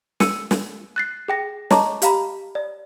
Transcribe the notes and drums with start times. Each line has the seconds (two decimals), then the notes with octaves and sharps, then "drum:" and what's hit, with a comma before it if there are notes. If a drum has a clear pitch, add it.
0.20 E6 C#7 D#7, drum: snare
0.51 drum: snare
0.96 F#6 A6 C7
1.28 G#4 G5 A#6
1.71 C#5 D#5 A5 A#5 C#6 D6, drum: snare
2.02 G4 F5 A#5 B5, drum: hi-hat
2.55 D5